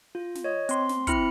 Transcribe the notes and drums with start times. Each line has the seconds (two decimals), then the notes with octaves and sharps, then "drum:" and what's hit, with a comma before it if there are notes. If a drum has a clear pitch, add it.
0.15 F4
0.35 drum: snare
0.44 C#5 D#5
0.69 C4 C6, drum: hi-hat
0.89 drum: snare
1.07 C4 E4 B5 F6 C#7, drum: kick, hi-hat